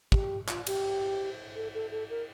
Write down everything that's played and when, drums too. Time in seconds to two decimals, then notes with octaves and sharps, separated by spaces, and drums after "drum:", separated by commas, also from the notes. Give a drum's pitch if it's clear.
0.12 G4, drum: kick
0.49 F4, drum: clap
0.67 G4, drum: cymbal
1.55 A4
1.74 A4
1.91 A4
2.10 A#4